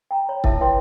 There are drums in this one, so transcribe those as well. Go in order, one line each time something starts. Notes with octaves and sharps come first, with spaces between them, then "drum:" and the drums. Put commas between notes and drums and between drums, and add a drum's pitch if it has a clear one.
G5 A#5
C#5 B5
E4 A4 E5 A5, drum: kick
E4 B4 C#5 G5 C6